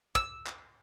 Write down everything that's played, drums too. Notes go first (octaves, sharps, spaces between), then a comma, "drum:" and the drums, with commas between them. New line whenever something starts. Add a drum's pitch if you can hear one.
E6, drum: kick
drum: clap